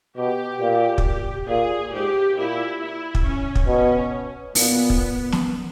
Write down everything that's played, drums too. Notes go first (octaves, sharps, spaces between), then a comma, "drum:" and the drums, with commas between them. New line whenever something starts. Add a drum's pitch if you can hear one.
B2 G4
A#2
drum: kick
A#2 G#4
G#2 G4
A#2 E4
E4
drum: kick
C#4
drum: kick
B2 C#4
A#2 B3, drum: open hi-hat
drum: kick
drum: snare